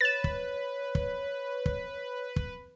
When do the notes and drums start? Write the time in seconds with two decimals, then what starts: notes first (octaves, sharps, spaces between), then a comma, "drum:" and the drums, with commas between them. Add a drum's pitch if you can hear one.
0.01 B4 C#5 A6 E7
0.24 drum: kick
0.95 drum: kick
1.66 drum: kick
2.36 drum: kick